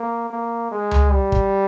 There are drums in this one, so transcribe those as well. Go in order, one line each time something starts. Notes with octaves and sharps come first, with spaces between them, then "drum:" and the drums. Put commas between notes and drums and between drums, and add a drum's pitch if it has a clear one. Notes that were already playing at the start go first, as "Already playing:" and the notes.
Already playing: A#3
A#3
G#3
drum: tom C#2
G3
drum: kick